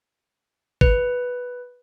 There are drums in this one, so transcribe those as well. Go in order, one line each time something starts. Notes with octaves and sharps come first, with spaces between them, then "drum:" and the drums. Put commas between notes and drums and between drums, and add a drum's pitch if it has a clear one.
B4, drum: kick